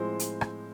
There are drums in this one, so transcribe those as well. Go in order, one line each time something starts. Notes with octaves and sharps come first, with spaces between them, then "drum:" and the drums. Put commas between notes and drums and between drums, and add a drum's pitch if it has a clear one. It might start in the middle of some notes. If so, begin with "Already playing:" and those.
Already playing: A2 F3 G#3 C4 C5
drum: hi-hat
drum: rim click